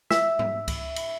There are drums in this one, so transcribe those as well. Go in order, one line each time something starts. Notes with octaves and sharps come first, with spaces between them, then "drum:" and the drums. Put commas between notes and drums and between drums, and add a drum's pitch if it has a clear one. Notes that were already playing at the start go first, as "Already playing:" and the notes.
E5, drum: snare
drum: tom
drum: kick C#2, cymbal
drum: cymbal